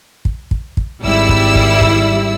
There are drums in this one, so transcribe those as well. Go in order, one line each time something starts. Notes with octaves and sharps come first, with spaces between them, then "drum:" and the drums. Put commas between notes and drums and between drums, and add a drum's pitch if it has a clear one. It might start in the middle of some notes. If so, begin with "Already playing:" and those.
drum: kick
drum: kick
drum: kick
G#1 G3 E4 E6
drum: kick
drum: kick
drum: kick